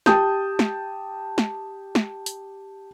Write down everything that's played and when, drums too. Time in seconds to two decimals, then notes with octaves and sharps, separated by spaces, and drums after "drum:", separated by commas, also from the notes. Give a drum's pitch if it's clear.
0.06 G4 G5 A5 D#6 G6, drum: snare
0.59 drum: snare
1.38 drum: snare
1.95 drum: snare
2.26 drum: hi-hat